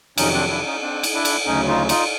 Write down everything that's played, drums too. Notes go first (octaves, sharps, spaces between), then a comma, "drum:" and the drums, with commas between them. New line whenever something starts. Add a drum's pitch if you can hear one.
F2 C3 D#3 F#3 C#4 D#4, drum: cymbal
C4 D4
D4 E4
C#4 D#4
C4 D4
drum: cymbal
D4 E4
drum: cymbal
D2 C#3 F#3 C#4 D#4
D#4 F4
D#4 F4, drum: cymbal